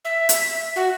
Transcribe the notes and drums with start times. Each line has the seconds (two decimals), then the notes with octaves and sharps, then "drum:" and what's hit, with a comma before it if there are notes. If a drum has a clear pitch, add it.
0.05 E5
0.29 drum: hi-hat
0.76 F#4